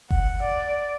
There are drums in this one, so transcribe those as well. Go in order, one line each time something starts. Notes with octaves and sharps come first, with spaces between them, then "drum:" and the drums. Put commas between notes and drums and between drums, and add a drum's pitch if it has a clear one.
F#5, drum: kick F#1
D5